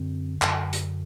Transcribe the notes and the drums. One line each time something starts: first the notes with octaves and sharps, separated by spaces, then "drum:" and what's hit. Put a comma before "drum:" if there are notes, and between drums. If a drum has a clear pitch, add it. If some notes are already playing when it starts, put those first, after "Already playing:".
Already playing: F#2 D3 C4
F#2 D3, drum: clap
drum: hi-hat